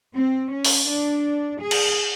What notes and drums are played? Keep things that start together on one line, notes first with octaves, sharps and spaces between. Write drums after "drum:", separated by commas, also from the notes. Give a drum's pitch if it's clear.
C4
C#4
drum: open hi-hat
D4
G#4
drum: cymbal